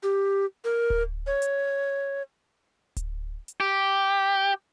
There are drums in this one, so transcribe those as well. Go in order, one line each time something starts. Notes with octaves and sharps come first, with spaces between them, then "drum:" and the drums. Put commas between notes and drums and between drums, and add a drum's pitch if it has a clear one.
G4
A#4
drum: kick D1
C#5
drum: hi-hat
drum: kick D1, hi-hat
drum: hi-hat
G4